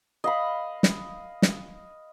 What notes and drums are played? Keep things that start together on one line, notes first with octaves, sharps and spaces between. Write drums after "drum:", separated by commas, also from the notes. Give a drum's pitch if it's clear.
D#5 F5 B5
drum: snare
drum: snare